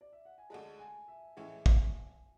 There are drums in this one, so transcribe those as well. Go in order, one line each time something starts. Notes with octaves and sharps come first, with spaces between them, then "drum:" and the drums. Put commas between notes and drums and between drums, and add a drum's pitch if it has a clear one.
D5
E5
F#5
G#5
D2 D3 G#3 A5
G#5
E5
A2 E3 G#3 C#4 E5
drum: kick